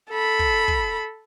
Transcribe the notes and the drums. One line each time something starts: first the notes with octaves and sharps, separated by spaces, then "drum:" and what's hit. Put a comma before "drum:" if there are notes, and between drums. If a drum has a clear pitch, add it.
A4 B5
drum: kick
drum: kick